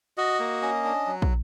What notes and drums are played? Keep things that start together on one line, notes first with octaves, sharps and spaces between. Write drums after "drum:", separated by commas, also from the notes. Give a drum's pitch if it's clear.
F#4 D#5
A#3
C#4
D4
F#3
drum: kick